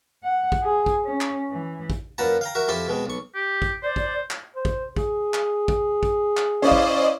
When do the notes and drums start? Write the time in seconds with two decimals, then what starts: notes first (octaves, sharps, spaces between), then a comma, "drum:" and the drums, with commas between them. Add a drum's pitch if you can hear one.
0.23 F#5
0.52 drum: kick
0.63 G#4
0.86 drum: kick
1.04 C#4
1.21 drum: clap
1.51 E3
1.90 drum: kick
2.18 F#2 A#2 B4 F#5 A5 A#5
2.41 F5 G5 A#5
2.55 F#4 A#4 E5
2.68 F2 C4 E4 G4 A4 C6
2.88 B2 G#3 C4
3.06 B1 C#6
3.35 G4
3.62 drum: kick
3.83 C5 D5
3.96 drum: kick
4.31 drum: clap
4.56 C5
4.65 drum: kick
4.96 G#4, drum: kick
5.34 drum: clap
5.68 drum: kick
6.03 drum: kick
6.37 drum: clap
6.62 C#4 E4 C5 D5 D#5 F5
6.72 drum: kick